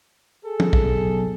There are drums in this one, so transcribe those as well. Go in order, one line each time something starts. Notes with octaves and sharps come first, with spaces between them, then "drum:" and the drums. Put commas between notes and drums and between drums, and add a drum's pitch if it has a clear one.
G#4 A4
drum: tom
drum: kick
B1